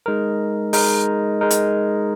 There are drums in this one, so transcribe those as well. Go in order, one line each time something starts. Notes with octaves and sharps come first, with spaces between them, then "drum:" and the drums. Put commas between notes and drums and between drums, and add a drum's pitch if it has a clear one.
G#3 D#4 A#4
G#3 D#4 A#4, drum: open hi-hat
G#3 D#4 A#4
drum: hi-hat